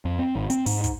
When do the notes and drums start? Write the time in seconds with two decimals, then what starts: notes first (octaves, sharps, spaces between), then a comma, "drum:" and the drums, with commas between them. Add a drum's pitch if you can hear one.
0.05 F2
0.19 C4
0.35 G#1
0.50 C4, drum: hi-hat
0.66 G#2, drum: open hi-hat
0.84 drum: kick, hi-hat